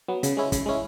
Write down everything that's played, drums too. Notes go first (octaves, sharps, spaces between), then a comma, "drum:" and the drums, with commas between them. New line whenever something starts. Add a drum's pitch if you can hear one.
F#3 B3
C#3, drum: hi-hat
G#3 C#4 E4
C#3, drum: kick, hi-hat
G#3 C#4 E4